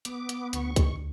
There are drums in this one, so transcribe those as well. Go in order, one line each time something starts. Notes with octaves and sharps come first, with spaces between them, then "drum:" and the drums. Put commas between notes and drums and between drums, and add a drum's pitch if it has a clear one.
B3 D6, drum: hi-hat
drum: hi-hat
D2 C#6, drum: hi-hat
drum: kick C2, hi-hat